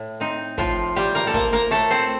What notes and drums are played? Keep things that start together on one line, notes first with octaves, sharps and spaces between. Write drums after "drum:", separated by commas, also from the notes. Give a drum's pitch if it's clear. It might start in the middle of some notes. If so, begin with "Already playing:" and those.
Already playing: A2
C4 D#4
A2 F3 F4, drum: kick
F3 G3 G4
A#3 A#4
A4
F3 A#3 A#4, drum: kick
A#3 A#4
A2 A3 A4
C4 C5